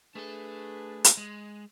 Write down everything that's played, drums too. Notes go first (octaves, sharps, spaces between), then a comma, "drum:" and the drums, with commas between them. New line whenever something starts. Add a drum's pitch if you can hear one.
A3 D4 G#4 A4 B4
drum: hi-hat
G#3